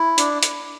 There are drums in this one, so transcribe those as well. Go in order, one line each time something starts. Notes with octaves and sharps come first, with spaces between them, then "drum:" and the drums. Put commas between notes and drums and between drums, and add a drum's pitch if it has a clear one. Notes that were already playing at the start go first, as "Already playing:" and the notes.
Already playing: E4
D4, drum: hi-hat
drum: hi-hat